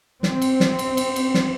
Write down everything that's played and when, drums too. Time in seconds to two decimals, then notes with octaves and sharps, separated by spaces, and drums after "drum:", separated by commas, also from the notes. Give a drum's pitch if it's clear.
0.23 C4, drum: snare
0.42 drum: cymbal
0.60 drum: snare
0.79 drum: cymbal
0.97 drum: cymbal
1.16 drum: cymbal
1.34 drum: snare